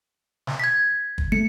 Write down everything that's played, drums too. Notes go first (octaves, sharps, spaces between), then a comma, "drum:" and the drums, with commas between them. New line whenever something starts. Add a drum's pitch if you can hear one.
drum: snare
G#6 B6
drum: kick
A3 C#7